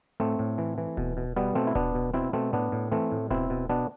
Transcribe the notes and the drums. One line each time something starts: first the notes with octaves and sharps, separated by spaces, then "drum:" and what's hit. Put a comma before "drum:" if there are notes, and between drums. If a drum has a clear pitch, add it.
A2 A3 C4
A2
E3
E3
B2, drum: kick D1
B2
B2 G3 B3
B2 A3 C4
E4
B2 B3 D4, drum: kick D1
B2
B2 C4 E4
B2 A3 C4
A2 B3 D4
A2
E3 A3 C4
A2
B2 C4 E4, drum: kick D1
B2
B2 B3 D4